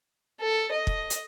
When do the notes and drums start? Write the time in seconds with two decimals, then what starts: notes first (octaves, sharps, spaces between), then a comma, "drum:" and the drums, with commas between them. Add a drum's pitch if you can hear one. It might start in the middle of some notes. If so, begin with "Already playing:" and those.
0.40 A4
0.71 D#5
0.87 drum: kick
1.10 drum: hi-hat